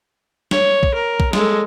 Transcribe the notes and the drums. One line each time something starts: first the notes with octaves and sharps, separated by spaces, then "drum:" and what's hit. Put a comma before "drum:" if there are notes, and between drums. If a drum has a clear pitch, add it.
C#5, drum: snare
drum: kick
A#4
drum: kick
G#3 A4, drum: snare